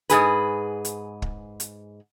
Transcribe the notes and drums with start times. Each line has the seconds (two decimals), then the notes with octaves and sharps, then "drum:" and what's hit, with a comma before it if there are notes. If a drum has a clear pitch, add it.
0.09 G#2 G#4 B4, drum: hi-hat
0.85 drum: hi-hat
1.22 drum: kick
1.60 drum: hi-hat